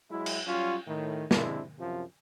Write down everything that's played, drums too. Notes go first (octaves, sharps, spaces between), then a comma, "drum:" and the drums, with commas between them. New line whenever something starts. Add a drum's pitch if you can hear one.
F#3 G#3 E4
drum: cymbal
F#3 G3 C#4 F4
A2 D#3
C3 G#3 C4 D4 E4, drum: snare
F#2 C3 F3